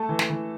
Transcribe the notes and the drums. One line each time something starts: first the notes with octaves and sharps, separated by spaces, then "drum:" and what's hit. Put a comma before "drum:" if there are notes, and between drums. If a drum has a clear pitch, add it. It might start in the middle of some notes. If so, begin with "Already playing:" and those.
Already playing: A3 A4 A5
E3
drum: snare
E3